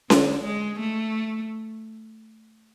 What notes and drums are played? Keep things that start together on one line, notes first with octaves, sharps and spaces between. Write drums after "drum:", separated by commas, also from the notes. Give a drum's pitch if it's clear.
D3, drum: snare C#4
G#3
A3